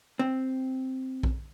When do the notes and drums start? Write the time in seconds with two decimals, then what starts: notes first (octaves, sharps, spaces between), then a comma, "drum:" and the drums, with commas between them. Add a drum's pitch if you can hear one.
0.19 C4
1.23 drum: kick A#1